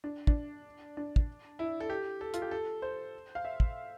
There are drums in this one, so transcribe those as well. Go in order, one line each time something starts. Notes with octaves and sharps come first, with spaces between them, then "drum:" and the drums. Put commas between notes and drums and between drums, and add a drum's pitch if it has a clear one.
D4
D4, drum: kick
D4
drum: kick
E4
A4
G4
A4
F4, drum: hi-hat
G4
A4
C5
F5
E5
drum: kick